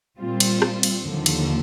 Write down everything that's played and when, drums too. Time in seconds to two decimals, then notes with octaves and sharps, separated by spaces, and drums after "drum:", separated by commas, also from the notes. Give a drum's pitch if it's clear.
0.19 A#2 G3 C4 F4
0.40 drum: cymbal
0.62 drum: rim click
0.83 drum: cymbal
1.05 D#2 D3 F3
1.26 drum: cymbal